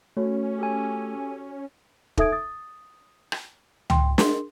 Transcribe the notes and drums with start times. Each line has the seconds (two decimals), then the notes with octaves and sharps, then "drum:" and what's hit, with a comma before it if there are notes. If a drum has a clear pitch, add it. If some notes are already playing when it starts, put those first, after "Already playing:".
0.17 A3 C#4 F#4 C#5
0.58 G4 A4 G#5
2.17 D#4 A4 E5 D#6 G#6 D7, drum: kick
2.32 D#6 A6
3.32 drum: rim click
3.90 G5 C6, drum: tom C#2
4.18 D4 G#4 A#4 C6, drum: snare